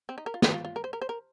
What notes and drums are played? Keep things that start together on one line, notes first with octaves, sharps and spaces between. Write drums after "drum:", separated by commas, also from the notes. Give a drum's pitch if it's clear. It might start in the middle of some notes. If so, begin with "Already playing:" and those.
C4
D#4
A#4
F4
D#4, drum: snare
F4
F4
A#4
C5
A#4
C5
A#4